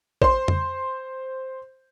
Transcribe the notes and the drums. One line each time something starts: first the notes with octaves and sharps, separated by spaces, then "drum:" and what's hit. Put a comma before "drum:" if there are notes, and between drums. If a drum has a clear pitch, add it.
C5 C6, drum: kick
drum: tom F2